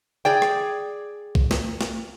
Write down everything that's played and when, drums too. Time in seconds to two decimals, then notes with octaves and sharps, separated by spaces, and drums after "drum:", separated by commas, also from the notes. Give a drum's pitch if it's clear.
0.25 G#4 D5 G5
0.42 drum: rim click
1.35 drum: kick
1.51 drum: snare
1.81 drum: snare